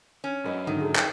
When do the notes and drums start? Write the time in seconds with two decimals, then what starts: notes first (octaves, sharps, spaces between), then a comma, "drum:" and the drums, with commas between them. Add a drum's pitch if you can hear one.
0.24 C#4
0.45 F#2 B4 D#5
0.67 G#2 D3 D#3
0.80 G#4 A4
0.96 A#4 G5, drum: clap